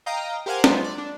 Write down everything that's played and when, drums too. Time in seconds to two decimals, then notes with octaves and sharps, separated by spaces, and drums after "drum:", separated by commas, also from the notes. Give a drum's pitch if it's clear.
0.06 D#5 F5 G5 A#5 D#6
0.46 G4 A#4 C5 F5 F#5 G#5
0.64 F3 F#3 G#3 B3 D4 F4, drum: snare
0.84 D5
0.98 D4